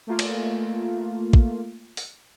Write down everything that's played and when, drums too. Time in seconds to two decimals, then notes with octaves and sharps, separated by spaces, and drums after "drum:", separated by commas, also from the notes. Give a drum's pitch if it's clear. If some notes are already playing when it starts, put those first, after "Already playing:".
0.07 A3 A#3 F4
0.19 drum: cymbal
1.33 drum: kick
1.97 drum: open hi-hat